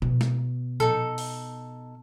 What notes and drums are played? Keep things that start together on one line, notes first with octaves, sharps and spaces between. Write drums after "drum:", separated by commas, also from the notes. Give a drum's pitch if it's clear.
B2, drum: tom A#2
drum: snare
D#4 A4, drum: tom A#2
drum: open hi-hat